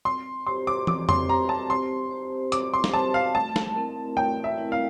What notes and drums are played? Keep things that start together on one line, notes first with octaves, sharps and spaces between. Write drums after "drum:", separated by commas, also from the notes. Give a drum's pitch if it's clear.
C4 C6
G4 C5 C6
D6
C4 D6, drum: tom
C6, drum: tom F2
G4 C5 A#5
A5
C4 C6
G4 C5
C4 D6, drum: hi-hat
C6
drum: snare
G4 C5 A5
F5
A3 A5
drum: snare
C4 E4 A#4
A3 G5
E5
C4 E4 A#4
F5